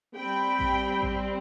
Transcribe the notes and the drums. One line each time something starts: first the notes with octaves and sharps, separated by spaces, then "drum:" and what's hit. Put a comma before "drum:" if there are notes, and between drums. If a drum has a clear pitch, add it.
G3 C4 G5 B5
drum: kick A1
drum: kick A1